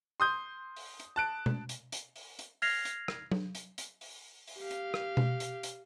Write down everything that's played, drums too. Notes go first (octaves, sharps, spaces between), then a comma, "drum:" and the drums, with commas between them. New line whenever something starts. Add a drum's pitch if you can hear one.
C6 D#6 G6
drum: open hi-hat
drum: hi-hat
A5 F#6 D7
drum: tom B2
drum: hi-hat
drum: hi-hat
drum: open hi-hat
drum: hi-hat
F6 G#6 A#6 C7 F7, drum: open hi-hat
drum: hi-hat
drum: rim click
drum: tom F#3
drum: hi-hat
drum: hi-hat
drum: open hi-hat
drum: open hi-hat
G4 F5
drum: hi-hat
drum: rim click
drum: tom B2
drum: hi-hat
drum: hi-hat